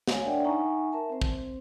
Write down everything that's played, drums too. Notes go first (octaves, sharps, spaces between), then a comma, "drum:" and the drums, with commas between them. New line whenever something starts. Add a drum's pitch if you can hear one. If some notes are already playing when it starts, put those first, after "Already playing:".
A3 C#5 F5 G#5, drum: snare
D4 A#4 D5 E5 F#5 G5
D#4 E5 F#5 G#5 A#5 C#6
A#4 E5 A5
C4 C5
drum: kick